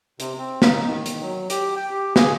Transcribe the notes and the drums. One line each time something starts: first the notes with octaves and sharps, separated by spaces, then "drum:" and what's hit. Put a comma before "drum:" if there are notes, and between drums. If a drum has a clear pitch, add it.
C3, drum: hi-hat
C4
D#4, drum: snare
D#3
drum: hi-hat
F#3
G4, drum: hi-hat
G5
G4
G#4, drum: snare